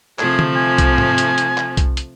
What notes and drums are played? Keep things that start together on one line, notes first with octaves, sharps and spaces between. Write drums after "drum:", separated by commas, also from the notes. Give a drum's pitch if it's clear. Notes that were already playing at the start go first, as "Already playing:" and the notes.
C3 F3 A3 G#4, drum: clap
drum: tom D3
G#5
drum: kick B1, hi-hat
drum: tom G#2
drum: hi-hat
drum: hi-hat
drum: clap
drum: kick B1, hi-hat
drum: hi-hat